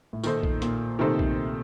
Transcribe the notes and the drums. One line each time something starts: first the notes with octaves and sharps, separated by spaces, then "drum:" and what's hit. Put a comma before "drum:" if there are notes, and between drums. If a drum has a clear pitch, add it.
A2
A#2 D#3 A3 D#4 A4 C5, drum: tambourine
drum: kick A#1
A#2, drum: hi-hat
C3 D#3 A3 D#4 A4 C5
drum: kick A#1